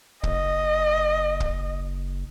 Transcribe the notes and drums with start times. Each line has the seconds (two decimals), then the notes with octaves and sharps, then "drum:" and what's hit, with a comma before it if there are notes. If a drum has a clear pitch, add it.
0.24 F#1 D#5, drum: kick
1.40 drum: kick